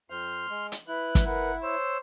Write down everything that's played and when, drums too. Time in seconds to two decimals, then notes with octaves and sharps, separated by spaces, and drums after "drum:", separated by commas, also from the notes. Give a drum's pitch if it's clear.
0.10 F2 C5 C6 F6
0.50 G#3
0.72 drum: hi-hat
0.88 E4 B4 F#6
1.15 drum: kick, hi-hat
1.26 A#4 B4 F#5
1.63 C5 C#5 E6